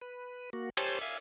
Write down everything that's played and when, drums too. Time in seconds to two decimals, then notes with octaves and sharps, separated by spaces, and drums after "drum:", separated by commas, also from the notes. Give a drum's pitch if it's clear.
0.02 B4
0.53 A#3 F#4
0.77 G4 C5 C#5 G#5 A5 C6, drum: cymbal
1.01 E5 F5 G#5